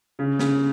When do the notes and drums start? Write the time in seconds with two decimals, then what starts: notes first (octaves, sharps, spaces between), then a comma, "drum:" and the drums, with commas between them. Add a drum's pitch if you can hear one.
0.19 C#3
0.39 C#3, drum: snare